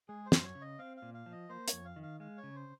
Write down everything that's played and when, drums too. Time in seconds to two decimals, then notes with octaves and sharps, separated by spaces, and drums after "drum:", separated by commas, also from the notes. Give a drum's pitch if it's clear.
0.08 G#3 G#4
0.26 C5
0.32 F#2, drum: snare
0.44 C#5
0.55 C#3
0.62 D#5
0.79 C4 F5
0.97 F5
1.02 A#2
1.14 F5
1.26 F3
1.32 D#5
1.49 A#3 C5
1.68 C#5, drum: hi-hat
1.73 F2
1.85 F5
1.96 D#3
2.03 F5
2.20 G#3 F5
2.38 C#5
2.43 C#3
2.56 C5